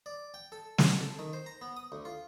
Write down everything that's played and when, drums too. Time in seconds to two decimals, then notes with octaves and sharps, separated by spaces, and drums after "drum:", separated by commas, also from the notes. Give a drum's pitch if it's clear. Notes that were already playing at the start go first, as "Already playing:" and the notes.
0.06 D5
0.34 G5
0.52 A4
0.78 B2, drum: snare
1.01 A4
1.19 D#3
1.33 C5
1.46 A#5
1.61 B3
1.77 D#6
1.92 D2
2.05 F4